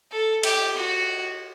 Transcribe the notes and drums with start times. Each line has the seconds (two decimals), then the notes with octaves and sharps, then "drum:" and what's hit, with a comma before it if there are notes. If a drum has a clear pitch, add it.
0.11 A4
0.43 G4, drum: cymbal
0.76 F#4